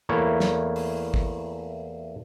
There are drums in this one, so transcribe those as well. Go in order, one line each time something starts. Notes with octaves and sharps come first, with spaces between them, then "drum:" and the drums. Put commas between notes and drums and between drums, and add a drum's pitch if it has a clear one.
E2 A3 A#3 E4 C#5
drum: snare
drum: open hi-hat
drum: kick